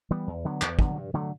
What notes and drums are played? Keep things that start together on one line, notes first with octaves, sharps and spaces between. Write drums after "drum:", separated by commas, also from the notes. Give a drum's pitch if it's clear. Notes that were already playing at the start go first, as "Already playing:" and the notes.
E3 G3 B3
E2
D3 F#3 B3
E2, drum: clap
D3 F#3 B3, drum: kick
G2
D3 F#3 A3